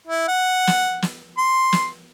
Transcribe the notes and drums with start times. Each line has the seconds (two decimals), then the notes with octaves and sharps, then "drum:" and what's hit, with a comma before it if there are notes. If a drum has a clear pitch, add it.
0.07 E4
0.28 F#5
0.67 drum: snare
1.02 drum: snare
1.37 C6
1.73 drum: snare